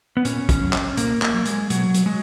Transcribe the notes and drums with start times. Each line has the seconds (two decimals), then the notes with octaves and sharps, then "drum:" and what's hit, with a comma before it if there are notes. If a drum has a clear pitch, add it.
0.17 B3
0.25 A#2 C#4, drum: hi-hat
0.49 drum: kick, hi-hat
0.61 F#3
0.73 drum: clap
0.97 A#2 A#3, drum: hi-hat
1.22 A#3, drum: clap
1.34 F#3
1.45 G#3, drum: hi-hat
1.70 B2 F#3, drum: hi-hat
1.94 drum: hi-hat
2.06 F#3 G#3